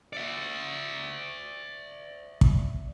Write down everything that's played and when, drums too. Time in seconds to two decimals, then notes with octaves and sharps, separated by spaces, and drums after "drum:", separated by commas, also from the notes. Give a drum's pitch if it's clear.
0.13 D5 E5
2.41 drum: kick